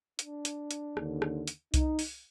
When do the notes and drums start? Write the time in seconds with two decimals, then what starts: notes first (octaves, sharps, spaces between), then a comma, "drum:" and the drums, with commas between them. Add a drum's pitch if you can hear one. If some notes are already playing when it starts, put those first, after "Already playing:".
0.19 D4, drum: hi-hat
0.45 drum: hi-hat
0.71 drum: hi-hat
0.97 D#2 D3, drum: rim click
1.22 drum: rim click
1.47 drum: hi-hat
1.74 D#4, drum: kick C2, hi-hat
1.99 drum: open hi-hat